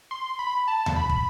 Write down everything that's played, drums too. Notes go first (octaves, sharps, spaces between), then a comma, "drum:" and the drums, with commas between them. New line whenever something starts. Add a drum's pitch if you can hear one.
C6
B5
A5
drum: tom D#2
B5
drum: kick